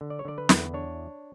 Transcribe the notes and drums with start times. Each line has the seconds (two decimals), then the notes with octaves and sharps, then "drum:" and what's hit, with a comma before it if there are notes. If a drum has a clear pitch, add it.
0.01 D3
0.10 D5
0.19 C#5
0.25 D3 D5
0.38 B4
0.49 E2, drum: snare
0.74 D4 C#5